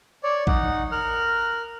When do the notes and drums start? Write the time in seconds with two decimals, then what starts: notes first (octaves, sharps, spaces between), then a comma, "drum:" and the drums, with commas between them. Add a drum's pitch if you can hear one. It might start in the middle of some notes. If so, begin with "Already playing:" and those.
0.23 C#5 D5
0.47 D#4 F#5, drum: kick A1
0.92 A#4 F6 F#6